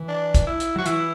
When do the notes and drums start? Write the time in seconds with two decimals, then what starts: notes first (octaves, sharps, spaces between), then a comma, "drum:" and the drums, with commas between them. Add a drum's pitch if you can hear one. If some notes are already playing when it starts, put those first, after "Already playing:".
Already playing: E3
0.09 D4
0.34 drum: kick, hi-hat
0.47 E4
0.60 drum: hi-hat
0.76 F#3 F#4
0.86 E3 E4, drum: hi-hat